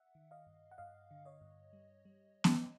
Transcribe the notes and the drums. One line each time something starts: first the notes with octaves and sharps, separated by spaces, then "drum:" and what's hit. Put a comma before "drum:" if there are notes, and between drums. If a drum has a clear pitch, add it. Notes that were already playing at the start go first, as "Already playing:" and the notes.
Already playing: E5 F#5
D#3
D#5 F5
G2
F#5
G2 D#5 F5
D3
C#5 D#5
G2
G3
G3
drum: snare B3